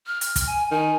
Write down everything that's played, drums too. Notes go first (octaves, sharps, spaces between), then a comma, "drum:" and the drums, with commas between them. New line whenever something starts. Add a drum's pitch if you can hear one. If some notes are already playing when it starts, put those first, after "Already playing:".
F6
drum: hi-hat
drum: kick, hi-hat
G#5
D#3 G#5